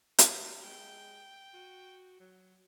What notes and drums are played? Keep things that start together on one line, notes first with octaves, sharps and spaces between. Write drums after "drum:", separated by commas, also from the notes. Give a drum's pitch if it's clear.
F#4, drum: hi-hat
G#3 G5
F#4
F#3